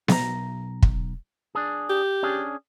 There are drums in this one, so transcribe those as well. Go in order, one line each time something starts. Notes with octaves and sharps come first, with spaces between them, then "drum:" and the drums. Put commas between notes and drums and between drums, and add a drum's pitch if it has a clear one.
B1 A#5, drum: snare B3
drum: kick
D4 G#4
G4
C#4 D4 G#4